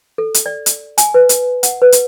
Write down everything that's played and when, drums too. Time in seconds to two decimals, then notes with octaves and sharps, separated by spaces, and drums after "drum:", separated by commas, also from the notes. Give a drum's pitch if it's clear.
0.18 A4
0.34 drum: hi-hat
0.46 D5
0.66 drum: hi-hat
0.98 G#5, drum: hi-hat
1.14 B4
1.29 drum: hi-hat
1.63 F#5, drum: hi-hat
1.82 B4
1.92 drum: hi-hat